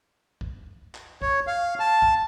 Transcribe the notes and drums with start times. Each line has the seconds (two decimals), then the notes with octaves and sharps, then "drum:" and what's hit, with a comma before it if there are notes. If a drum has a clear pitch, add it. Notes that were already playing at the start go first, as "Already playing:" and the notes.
0.41 drum: kick
0.95 drum: clap
1.22 C#5, drum: kick
1.47 F5
1.80 A5
2.02 drum: kick